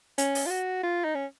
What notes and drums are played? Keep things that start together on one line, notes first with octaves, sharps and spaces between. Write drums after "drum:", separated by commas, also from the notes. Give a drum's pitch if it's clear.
C#4, drum: hi-hat
drum: open hi-hat
F4
F#4
F4
D#4
C#4